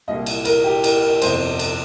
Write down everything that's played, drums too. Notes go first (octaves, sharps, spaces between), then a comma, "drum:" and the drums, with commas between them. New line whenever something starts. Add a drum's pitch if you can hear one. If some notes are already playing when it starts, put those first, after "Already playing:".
C2 A#2 G3 A#3 D#5
drum: cymbal
A#4, drum: cymbal
G4
A#4, drum: cymbal
A#4
G1 F2 C3 C5, drum: cymbal
drum: cymbal